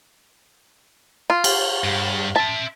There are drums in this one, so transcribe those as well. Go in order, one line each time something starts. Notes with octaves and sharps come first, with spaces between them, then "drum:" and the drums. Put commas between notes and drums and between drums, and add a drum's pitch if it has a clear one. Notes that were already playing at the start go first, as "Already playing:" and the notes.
F4
drum: cymbal
G2
E5 A5 C6